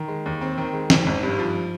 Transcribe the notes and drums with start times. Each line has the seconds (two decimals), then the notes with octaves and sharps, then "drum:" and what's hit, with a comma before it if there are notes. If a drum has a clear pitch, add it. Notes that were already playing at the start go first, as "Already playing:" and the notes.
Already playing: D#3
0.08 G#3
0.26 D#2
0.41 C4
0.58 D#3
0.73 G#3
0.90 G#1, drum: snare
1.06 G#1
1.23 G2
1.39 F3